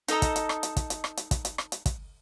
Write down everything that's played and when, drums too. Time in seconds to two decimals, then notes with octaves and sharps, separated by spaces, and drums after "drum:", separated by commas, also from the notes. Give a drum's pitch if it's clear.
0.08 D#4 A4 D#5 A#5, drum: hi-hat
0.22 drum: kick, hi-hat
0.36 drum: hi-hat
0.49 drum: rim click
0.63 drum: hi-hat
0.77 drum: kick, hi-hat
0.90 drum: hi-hat
1.04 drum: rim click
1.17 drum: hi-hat
1.31 drum: kick, hi-hat
1.45 drum: hi-hat
1.58 drum: rim click
1.72 drum: hi-hat
1.86 drum: kick, hi-hat